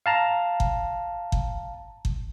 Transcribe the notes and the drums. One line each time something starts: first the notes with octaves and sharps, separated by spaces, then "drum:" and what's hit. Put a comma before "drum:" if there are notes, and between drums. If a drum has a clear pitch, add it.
F5 A5 A#5
drum: kick G1
drum: kick G1
drum: kick G1